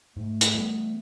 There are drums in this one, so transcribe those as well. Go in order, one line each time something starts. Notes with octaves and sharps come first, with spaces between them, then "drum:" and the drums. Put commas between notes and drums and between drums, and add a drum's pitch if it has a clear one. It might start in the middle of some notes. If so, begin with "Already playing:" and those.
G#2 A3
drum: hi-hat
E3 G3 B3